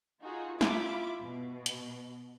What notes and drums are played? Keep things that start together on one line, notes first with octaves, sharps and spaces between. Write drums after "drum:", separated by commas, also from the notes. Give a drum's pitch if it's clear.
D#4 F4 F#4 G#4
E4 F4 E5 B5 D6, drum: snare
B2
drum: hi-hat